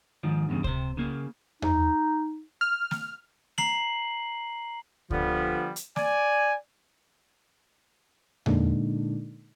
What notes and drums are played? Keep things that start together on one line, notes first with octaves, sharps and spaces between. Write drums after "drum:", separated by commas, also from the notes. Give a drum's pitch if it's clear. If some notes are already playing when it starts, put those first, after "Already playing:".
G#2 D#3 F3
E2 G2 A#2 C#3
C3 C5, drum: kick C#2
C#3 A#3
D#4, drum: tom E2
F6
drum: snare
A#5 C7 F#7, drum: snare
D3 F3 G3 B3, drum: kick C#2
drum: hi-hat
D5 G#5, drum: snare
A#2 D3 G#3 A#3 D4 D#4, drum: tom E2